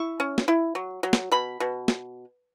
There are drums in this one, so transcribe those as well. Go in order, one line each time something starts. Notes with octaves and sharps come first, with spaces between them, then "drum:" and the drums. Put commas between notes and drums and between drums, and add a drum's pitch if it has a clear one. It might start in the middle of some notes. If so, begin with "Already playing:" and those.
Already playing: E4 C#6
C#4
drum: snare
E4
F#3
F#3
drum: snare
B2 B5
B2
drum: snare